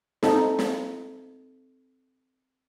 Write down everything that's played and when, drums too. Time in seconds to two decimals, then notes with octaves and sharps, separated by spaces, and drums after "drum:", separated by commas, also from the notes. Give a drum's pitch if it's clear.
0.23 C4 D#4 A4, drum: snare
0.59 drum: snare